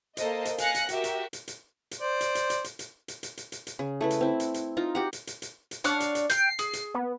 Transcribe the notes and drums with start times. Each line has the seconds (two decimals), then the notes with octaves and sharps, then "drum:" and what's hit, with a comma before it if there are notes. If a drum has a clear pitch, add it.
0.17 A#3 A4 C5 D#5, drum: hi-hat
0.45 drum: hi-hat
0.58 F5 G#5 F#6 A#6 C#7, drum: hi-hat
0.75 drum: hi-hat
0.89 F#4 G4 A#4 E5, drum: hi-hat
1.04 drum: hi-hat
1.33 drum: hi-hat
1.48 drum: hi-hat
1.91 drum: hi-hat
2.01 C5 D5
2.21 drum: hi-hat
2.35 drum: hi-hat
2.50 drum: hi-hat
2.64 drum: hi-hat
2.79 drum: hi-hat
3.08 drum: hi-hat
3.23 drum: hi-hat
3.37 drum: hi-hat
3.52 drum: hi-hat
3.67 drum: hi-hat
3.79 C#3
4.01 A3 E4 B4
4.10 drum: hi-hat
4.21 C4 E4
4.40 drum: hi-hat
4.54 drum: hi-hat
4.77 D#4 F4 A#5
4.95 F#4 G4 F#5
5.13 drum: hi-hat
5.27 drum: hi-hat
5.42 drum: hi-hat
5.71 drum: hi-hat
5.84 D4 C#5 F5 F#5, drum: hi-hat
6.00 drum: hi-hat
6.15 drum: hi-hat
6.30 G5 F6 G6 C7, drum: hi-hat
6.59 G#4, drum: hi-hat
6.73 drum: hi-hat
6.94 B3